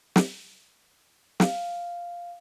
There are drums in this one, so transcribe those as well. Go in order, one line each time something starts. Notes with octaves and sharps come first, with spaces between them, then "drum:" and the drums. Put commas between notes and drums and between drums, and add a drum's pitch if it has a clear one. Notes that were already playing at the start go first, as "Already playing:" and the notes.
drum: snare
F5, drum: snare